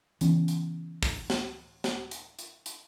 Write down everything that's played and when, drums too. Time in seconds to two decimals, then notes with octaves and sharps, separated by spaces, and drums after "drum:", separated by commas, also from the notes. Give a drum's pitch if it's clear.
0.21 C#3 E3 B3 C#4, drum: hi-hat
0.48 drum: hi-hat
1.03 drum: kick, open hi-hat
1.30 drum: snare
1.84 drum: snare
2.11 drum: hi-hat
2.39 drum: hi-hat
2.66 drum: hi-hat